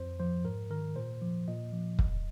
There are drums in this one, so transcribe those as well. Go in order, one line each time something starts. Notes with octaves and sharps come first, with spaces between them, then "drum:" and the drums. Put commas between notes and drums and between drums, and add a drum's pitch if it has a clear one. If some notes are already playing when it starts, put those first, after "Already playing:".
Already playing: F2 C5
F3 C5
G#2 A#4
D#3 A#4
A#2 C5
F3
A#2 D#5
F3
F2, drum: kick